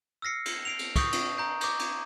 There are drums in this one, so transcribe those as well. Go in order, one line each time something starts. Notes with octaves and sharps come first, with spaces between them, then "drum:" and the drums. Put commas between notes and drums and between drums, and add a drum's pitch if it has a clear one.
E6 F6 A#6 C7 C#7
drum: cymbal
C7 D7 F7
drum: cymbal
C#6 D#6 G6, drum: kick, cymbal
drum: cymbal
A#5 G6 D7
D6 G6, drum: cymbal
drum: cymbal